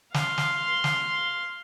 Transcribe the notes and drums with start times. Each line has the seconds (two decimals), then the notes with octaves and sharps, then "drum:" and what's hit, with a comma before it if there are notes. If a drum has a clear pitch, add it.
0.14 F5 C6, drum: snare
0.38 drum: snare
0.84 drum: snare